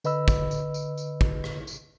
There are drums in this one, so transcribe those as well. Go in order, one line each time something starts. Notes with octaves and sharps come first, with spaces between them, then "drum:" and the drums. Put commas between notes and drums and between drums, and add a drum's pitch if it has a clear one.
D3 B4 D#5 B5 E6, drum: tambourine
drum: kick, tambourine
drum: tambourine
drum: tambourine
drum: tambourine
drum: kick
drum: rim click
drum: tambourine